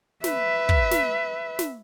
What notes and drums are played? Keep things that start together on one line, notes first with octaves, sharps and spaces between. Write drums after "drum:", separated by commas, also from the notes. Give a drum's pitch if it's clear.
B4 E5, drum: snare
drum: kick
drum: snare
drum: snare